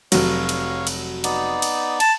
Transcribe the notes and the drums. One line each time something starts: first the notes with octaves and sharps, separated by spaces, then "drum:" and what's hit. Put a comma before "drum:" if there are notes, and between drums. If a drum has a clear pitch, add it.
F1 F#3 C#5 F5, drum: cymbal
drum: cymbal
drum: cymbal
B3 D#4 D5, drum: cymbal
drum: cymbal
A5, drum: cymbal